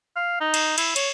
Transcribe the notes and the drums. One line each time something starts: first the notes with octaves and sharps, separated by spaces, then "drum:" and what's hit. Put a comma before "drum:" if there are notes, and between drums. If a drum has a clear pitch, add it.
F5
D#4
drum: cymbal
E4, drum: cymbal
C#5, drum: cymbal